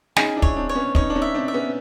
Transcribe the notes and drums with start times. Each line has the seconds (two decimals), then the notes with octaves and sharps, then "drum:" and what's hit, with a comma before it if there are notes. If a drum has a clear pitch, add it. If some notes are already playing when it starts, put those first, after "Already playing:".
0.16 C#4 D#4 G#4, drum: snare
0.36 D4 E4
0.42 C#5, drum: kick
0.56 C4 D4
0.69 C#5
0.75 B3 C#4
0.95 C#4 D#4 C#5, drum: kick
1.10 D4
1.15 C#4 D#4
1.22 E5
1.34 C4 D4
1.48 E5
1.54 B3 C#4